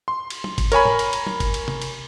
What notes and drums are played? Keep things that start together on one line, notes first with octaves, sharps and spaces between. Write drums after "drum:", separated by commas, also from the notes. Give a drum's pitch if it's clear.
C6
drum: cymbal
drum: tom
drum: kick G1, cymbal
A#4 C#5 G#5 B5, drum: cymbal
drum: tom G#2
drum: cymbal
drum: cymbal
drum: tom
drum: kick G1, cymbal
drum: cymbal
drum: tom C3
drum: cymbal